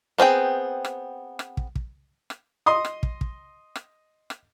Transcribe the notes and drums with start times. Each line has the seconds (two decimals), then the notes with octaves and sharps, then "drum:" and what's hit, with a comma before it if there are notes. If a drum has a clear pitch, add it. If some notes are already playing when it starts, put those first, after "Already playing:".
0.18 B3 C4 G#4 G5
0.85 drum: rim click
1.39 drum: rim click
1.57 drum: kick
1.75 drum: kick
2.30 drum: rim click
2.66 D#5 C6 D#6
2.85 drum: rim click
3.03 drum: kick
3.21 drum: kick
3.76 drum: rim click
4.30 drum: rim click